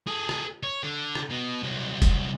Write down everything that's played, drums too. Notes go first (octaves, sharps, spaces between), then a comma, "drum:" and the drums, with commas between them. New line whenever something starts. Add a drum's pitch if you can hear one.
G#4 A4
drum: rim click
C#5
D3
drum: rim click
B2
C2 F#3
drum: kick, hi-hat